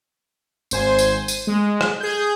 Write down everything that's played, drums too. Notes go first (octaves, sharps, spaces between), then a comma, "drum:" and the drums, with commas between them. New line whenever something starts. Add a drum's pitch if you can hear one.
G#1 C5 G#5 C6, drum: tambourine
drum: tambourine
D#7, drum: tambourine
G#3
drum: rim click
G#4 G6